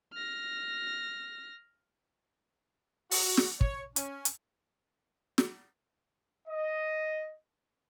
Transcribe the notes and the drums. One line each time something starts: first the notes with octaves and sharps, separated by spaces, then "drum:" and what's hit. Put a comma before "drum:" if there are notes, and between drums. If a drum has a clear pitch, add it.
F6 A#6
F#4, drum: open hi-hat
drum: snare
C#5, drum: kick
C#4, drum: hi-hat
drum: hi-hat
drum: snare
D#5